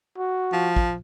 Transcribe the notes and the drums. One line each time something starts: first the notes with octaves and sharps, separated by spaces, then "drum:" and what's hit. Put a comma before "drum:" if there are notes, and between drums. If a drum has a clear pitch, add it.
F#4
F3
drum: kick